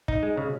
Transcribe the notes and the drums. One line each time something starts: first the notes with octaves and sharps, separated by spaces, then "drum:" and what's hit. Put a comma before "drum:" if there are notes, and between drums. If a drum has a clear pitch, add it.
D#4, drum: kick
G#3
C#3